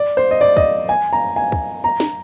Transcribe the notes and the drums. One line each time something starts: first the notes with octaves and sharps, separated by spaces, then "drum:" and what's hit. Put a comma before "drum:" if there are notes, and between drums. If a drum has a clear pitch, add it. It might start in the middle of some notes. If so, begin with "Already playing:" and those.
Already playing: D5
C5
D#5
D5
D#5, drum: kick
G#5
A#5
G#5
drum: kick
A#5
drum: snare